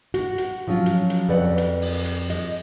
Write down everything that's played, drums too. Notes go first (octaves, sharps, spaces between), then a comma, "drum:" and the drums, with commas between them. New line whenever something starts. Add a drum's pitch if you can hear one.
F#4, drum: hi-hat
drum: hi-hat
F3 F#3 C#4 F4
drum: hi-hat
drum: hi-hat
F2 B4 D5 F#5
drum: hi-hat
drum: open hi-hat
drum: hi-hat
D#5, drum: hi-hat